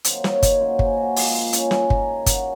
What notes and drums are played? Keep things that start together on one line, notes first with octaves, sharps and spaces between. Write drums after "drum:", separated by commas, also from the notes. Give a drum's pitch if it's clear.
C3 D#3 F#3 A#3 C5, drum: hi-hat
C#5, drum: snare
D#5, drum: kick, hi-hat
F#2 C#3 F#3 A#3 C5
G#4, drum: kick
F#4
A#2 F3 G#3 F4, drum: open hi-hat
F4
C#4, drum: hi-hat
F#2 D#3 G#3 G#4, drum: snare
A#4, drum: kick
G#4
F#2 C#3 F#3 A#3 F#4, drum: kick, hi-hat